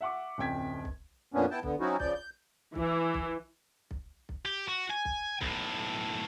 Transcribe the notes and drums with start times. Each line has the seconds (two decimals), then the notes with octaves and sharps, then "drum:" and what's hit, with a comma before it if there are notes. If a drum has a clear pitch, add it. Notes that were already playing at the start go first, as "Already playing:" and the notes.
0.01 E5 F#5 C#6 D6
0.38 D1 F2 C#4 G5 G#6 B6
0.85 drum: kick B1
1.34 F2 A#2 A#3 B3 C#4 D4
1.51 B3 E4 G5 A5
1.63 D3 B3, drum: kick B1
1.80 F#3 C4 C#4 D#4 E4 F#4
2.00 C#3 F3 D5 G6, drum: kick B1
2.14 G6
2.75 E3, drum: kick B1
3.14 drum: kick B1
3.91 drum: kick B1
4.29 drum: kick B1
4.45 G4
4.68 F#4
4.90 G#5
5.05 drum: kick B1
5.41 B1 A2, drum: kick B1